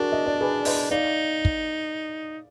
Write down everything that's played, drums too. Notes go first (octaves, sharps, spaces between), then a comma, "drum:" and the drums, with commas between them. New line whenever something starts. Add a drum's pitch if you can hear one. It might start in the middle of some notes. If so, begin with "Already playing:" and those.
Already playing: D4 F#4 G#4 A#4
D#5
D5
G#4 B4
B4 D#5, drum: open hi-hat
D#4 D5 F5
drum: kick